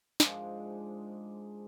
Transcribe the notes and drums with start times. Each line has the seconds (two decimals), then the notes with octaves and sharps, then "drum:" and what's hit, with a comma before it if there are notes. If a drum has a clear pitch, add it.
0.20 G#2 F3 G#3 D4, drum: snare